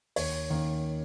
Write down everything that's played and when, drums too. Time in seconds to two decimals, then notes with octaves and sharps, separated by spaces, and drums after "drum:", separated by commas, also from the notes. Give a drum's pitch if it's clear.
0.16 D#2 C#5, drum: open hi-hat
0.50 D#3 A#3 C#4